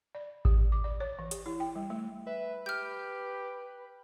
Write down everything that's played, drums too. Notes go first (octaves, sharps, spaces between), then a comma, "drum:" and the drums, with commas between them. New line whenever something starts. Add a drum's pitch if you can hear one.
D5
G4, drum: kick G#1
D6
D5
C#5
E3
G4, drum: hi-hat
E4
G5
G3
A3
B4 E5
G4 F6 G6